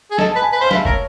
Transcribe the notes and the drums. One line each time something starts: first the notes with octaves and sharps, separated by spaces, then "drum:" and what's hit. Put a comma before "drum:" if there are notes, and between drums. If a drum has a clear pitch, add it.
G#4
A4 D#5, drum: snare
A5
B4
G#5
B4
C5 F5
B4, drum: snare
E5
A#4 C#5, drum: kick